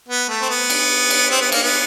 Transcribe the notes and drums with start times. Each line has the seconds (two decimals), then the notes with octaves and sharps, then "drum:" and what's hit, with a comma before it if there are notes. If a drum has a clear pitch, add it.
0.08 B3
0.29 A3
0.41 C4
0.50 B3
0.70 drum: cymbal
1.10 drum: cymbal
1.30 C4
1.41 B3
1.52 A#3, drum: cymbal
1.63 B3